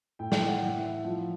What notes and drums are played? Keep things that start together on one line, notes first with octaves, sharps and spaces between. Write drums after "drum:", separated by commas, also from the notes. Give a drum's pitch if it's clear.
A2 G5
drum: snare
F#5
E3
E5
F3